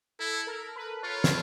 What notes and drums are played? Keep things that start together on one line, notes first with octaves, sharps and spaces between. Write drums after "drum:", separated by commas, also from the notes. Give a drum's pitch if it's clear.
E4 A4
A#4
B4
F4 C#5
drum: snare